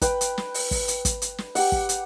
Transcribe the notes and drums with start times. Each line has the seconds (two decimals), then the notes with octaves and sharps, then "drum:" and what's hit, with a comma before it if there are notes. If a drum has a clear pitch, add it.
0.01 B4 G5, drum: kick, hi-hat
0.21 drum: hi-hat
0.38 drum: snare
0.54 drum: open hi-hat
0.71 drum: kick, open hi-hat
0.88 drum: hi-hat
1.05 drum: kick, hi-hat
1.22 drum: hi-hat
1.38 drum: snare
1.55 G4 F#5, drum: open hi-hat
1.72 drum: kick
1.89 drum: hi-hat